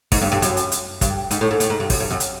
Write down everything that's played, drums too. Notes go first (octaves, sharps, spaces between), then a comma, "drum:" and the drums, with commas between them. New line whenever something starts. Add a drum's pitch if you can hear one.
G#2, drum: kick, open hi-hat
G2
G2
F#2, drum: hi-hat
drum: hi-hat
drum: hi-hat
G2, drum: kick, hi-hat
G#2, drum: hi-hat
A2
G#2
A2, drum: hi-hat
G#2
G2
F#2, drum: kick, open hi-hat
G2
F#2
drum: hi-hat